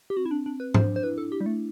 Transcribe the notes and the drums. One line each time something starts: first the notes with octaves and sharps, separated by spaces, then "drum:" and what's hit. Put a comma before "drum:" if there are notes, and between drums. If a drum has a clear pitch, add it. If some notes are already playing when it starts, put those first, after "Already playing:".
G4
C4 F#4
E4
D4
D4
B4
D4 C5, drum: tom G#2
C5
E4 B4
A4
G4
G3
A3